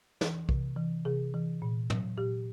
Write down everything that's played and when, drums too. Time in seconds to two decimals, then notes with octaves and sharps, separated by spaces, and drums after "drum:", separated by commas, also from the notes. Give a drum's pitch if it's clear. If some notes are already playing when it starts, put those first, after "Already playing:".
0.21 E3, drum: snare
0.49 C3, drum: kick B1
0.76 E3
1.05 C3 G#4
1.34 E3
1.62 A#2
1.90 F#3, drum: tom
2.17 A#2 G4